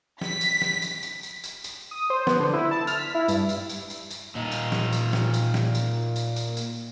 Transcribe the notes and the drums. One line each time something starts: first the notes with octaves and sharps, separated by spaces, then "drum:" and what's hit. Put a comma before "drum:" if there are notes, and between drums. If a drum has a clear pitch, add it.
B6, drum: snare
drum: tambourine
drum: snare
drum: tambourine
drum: tambourine
drum: tambourine
drum: tambourine
drum: tambourine
D#6
C5
B3, drum: snare
D3
E4
A5
F6, drum: tambourine
B6
E4
G2, drum: tambourine
drum: tambourine
drum: tambourine
drum: tambourine
drum: tambourine
A#2 D#4
drum: tambourine
drum: snare
drum: tambourine
drum: snare
drum: tambourine
drum: snare
drum: tambourine
drum: tambourine
drum: tambourine
drum: tambourine